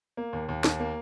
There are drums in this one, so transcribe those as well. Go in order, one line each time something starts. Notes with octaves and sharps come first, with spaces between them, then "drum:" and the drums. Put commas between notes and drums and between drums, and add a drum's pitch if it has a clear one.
A#3
D#2
D#2
D#2, drum: snare
A#3